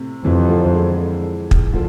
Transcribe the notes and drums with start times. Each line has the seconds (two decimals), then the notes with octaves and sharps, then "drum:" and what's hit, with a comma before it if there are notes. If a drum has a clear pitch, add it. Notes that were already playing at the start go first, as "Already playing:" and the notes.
Already playing: A2 C3
0.25 F2 C3 E3
0.50 D3 F3
0.74 E3 G#3
1.51 drum: kick
1.73 D3 F3